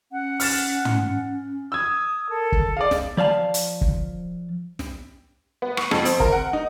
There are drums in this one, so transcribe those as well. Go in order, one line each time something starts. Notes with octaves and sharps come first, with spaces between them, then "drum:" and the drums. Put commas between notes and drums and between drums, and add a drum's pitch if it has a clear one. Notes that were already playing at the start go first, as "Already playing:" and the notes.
C#4 F#5
F6 A6 E7, drum: open hi-hat
drum: tom
D#6 E6 G#6
A4 A#4
drum: kick
G#4 D5 D#5 F5
drum: snare
F3 D5 F5 A5
drum: hi-hat
drum: kick
drum: snare
B3
C#6, drum: rim click
F2, drum: rim click
C4, drum: hi-hat
A#4, drum: kick
F#5
D#4